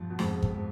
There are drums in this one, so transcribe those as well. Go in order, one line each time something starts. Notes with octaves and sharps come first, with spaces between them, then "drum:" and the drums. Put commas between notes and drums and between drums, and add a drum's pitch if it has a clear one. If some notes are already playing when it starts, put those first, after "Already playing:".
Already playing: G2 B2 F3
B2
F2 G#2 G#3, drum: snare
drum: kick
G#3